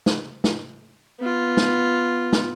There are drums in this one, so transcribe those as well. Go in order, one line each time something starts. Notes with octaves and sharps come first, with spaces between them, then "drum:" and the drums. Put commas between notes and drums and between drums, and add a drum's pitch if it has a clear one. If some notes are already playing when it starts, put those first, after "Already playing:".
drum: snare
drum: snare
B3 F4
drum: snare
drum: snare